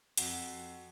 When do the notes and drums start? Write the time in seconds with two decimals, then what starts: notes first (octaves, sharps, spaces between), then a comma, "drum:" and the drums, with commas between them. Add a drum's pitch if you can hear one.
0.17 F2 F#4 C7, drum: hi-hat